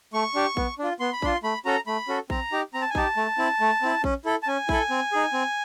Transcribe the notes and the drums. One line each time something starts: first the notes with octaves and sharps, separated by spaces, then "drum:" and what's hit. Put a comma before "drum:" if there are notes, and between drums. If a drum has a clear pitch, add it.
A3 C#6
D4 G4
B3, drum: kick A#1
D4 F4
B3 C6
B5
D4 F4 C6, drum: kick A#1
A3 B5
C#4 F#4 A4 A#5
A3 B5
C#4 F#4 A4
C4 A#5, drum: kick A#1
D#4 G4
C4 A#5
A5
G#5
D#4 G4 A5, drum: kick A#1
A3
C4 E4
A3
C4 E4
C#4, drum: kick A#1
E4 A4
A5
C#4 G#5
E4 A4, drum: kick A#1
C4
D#4 G#4
C4